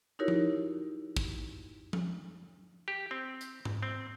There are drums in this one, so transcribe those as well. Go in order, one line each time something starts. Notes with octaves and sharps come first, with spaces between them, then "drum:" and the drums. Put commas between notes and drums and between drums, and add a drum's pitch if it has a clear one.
D#4 E4 F#4 G4 A#4 C#5
drum: tom F3
drum: kick
drum: tom F3
G4
C4
drum: hi-hat
drum: tom G#2
C4